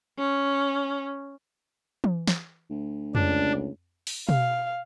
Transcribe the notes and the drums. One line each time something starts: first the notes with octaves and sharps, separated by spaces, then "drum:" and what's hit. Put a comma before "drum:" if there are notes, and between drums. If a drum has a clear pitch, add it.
C#4
drum: tom E3
drum: snare
D2
C#2 D4, drum: tom F2
drum: open hi-hat
F5, drum: tom B2